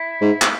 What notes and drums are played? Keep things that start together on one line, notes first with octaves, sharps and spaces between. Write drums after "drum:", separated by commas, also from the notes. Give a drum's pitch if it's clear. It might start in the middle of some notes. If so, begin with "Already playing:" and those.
Already playing: E4
G#2
drum: clap